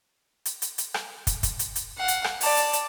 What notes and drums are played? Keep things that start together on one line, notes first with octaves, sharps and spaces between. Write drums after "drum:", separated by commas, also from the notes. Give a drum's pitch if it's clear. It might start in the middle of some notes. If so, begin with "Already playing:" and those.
drum: hi-hat
drum: hi-hat
drum: hi-hat
drum: rim click
drum: kick, hi-hat
drum: kick, hi-hat
drum: hi-hat
drum: hi-hat
F5 F#5
drum: hi-hat
drum: rim click
D5 A5, drum: open hi-hat
drum: hi-hat
drum: hi-hat